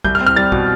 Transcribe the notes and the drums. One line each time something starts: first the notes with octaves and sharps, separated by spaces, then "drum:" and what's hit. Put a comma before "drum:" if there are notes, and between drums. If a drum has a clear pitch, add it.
C2 G6, drum: kick
F6
C4
F6
G3 A6
B2, drum: kick